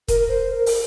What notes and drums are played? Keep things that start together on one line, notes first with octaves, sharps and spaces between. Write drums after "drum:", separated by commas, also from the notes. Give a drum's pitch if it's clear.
A#4, drum: kick E1, hi-hat
C5
A#4
drum: open hi-hat